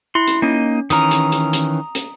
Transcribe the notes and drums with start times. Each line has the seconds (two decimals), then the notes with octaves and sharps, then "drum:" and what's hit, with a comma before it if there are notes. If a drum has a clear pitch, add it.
0.15 E4 C6
0.27 drum: hi-hat
0.42 A#3 C#4 D#4 D#5
0.90 D#3 E3 C#4 A#5 D#6, drum: hi-hat
1.11 drum: hi-hat
1.32 drum: hi-hat
1.53 drum: hi-hat
1.95 drum: hi-hat